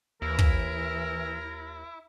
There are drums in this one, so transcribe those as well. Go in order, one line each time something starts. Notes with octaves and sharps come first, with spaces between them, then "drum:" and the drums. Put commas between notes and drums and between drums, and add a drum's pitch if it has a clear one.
D#2 E3 E4 A#4
drum: kick